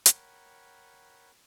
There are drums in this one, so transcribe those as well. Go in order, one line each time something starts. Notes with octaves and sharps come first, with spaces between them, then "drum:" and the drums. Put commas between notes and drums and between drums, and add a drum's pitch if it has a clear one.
A#4 C#5 F#5 G5 B5, drum: hi-hat